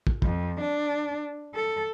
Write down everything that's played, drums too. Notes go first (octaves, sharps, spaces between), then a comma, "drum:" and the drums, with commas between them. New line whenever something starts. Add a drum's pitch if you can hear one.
drum: kick
F2, drum: kick
D4
A4